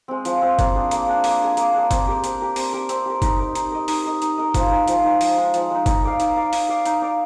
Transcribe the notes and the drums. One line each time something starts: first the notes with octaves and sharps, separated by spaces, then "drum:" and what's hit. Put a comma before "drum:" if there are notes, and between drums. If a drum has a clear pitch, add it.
G#3 C4
F3, drum: hi-hat
G#3 C4
A#3, drum: kick, hi-hat
D4 G#4
A#3, drum: hi-hat
D4 G#4
A#3, drum: open hi-hat
D4 G#4
A#3, drum: hi-hat
D4 G#4
C4, drum: kick, hi-hat
G4 A#4
C4, drum: hi-hat
G4 A#4
C4, drum: open hi-hat
G4 A#4
C4, drum: hi-hat
G4 A#4
D#4, drum: kick, hi-hat
A#4 D#5
D#4, drum: hi-hat
A#4 D#5
D#4, drum: open hi-hat
A#4 D#5
D#4, drum: hi-hat
A#4 D#5
F3, drum: kick, hi-hat
G#3 D#4
F3, drum: hi-hat
G#3 D#4
F3, drum: open hi-hat
G#3 D#4
F3, drum: hi-hat
G#3 D#4
D#4, drum: kick, hi-hat
A#4 D5 F5
D#4, drum: hi-hat
A#4 D5 F5
D#4, drum: open hi-hat
A#4 D5 F5
D#4, drum: hi-hat
A#4 D5 F5